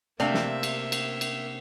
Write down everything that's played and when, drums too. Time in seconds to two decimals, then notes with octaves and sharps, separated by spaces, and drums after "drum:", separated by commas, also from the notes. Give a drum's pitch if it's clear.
0.20 C3 A3 A#3 C4 D4 E5 F5
0.34 drum: snare
0.63 drum: cymbal
0.92 drum: cymbal
1.21 drum: cymbal